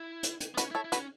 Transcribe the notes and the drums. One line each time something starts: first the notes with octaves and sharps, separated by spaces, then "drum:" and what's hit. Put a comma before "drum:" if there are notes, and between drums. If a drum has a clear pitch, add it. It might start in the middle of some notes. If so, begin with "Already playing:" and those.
Already playing: E4
drum: hi-hat
drum: hi-hat
B3
C#4 F#4 B4, drum: hi-hat
E4 A4 C#5
E4
F#4 B4, drum: hi-hat
C#4